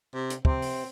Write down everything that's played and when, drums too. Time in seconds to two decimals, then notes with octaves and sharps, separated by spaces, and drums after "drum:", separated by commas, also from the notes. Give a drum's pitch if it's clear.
0.14 C3
0.30 drum: hi-hat
0.45 C3 C4, drum: kick
0.62 drum: open hi-hat